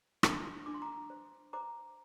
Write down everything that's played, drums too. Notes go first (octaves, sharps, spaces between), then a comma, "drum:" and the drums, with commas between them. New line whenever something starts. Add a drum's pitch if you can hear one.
D4, drum: rim click
D4 D6
C6
A#5 D6
C5
C5 A#5 D6